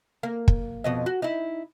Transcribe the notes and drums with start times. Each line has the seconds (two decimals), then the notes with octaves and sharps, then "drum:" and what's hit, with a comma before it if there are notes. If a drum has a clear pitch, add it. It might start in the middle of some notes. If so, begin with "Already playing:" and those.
0.23 A#3
0.48 drum: kick
0.84 F2 B2 D#5
1.06 F#4
1.22 D#4 E4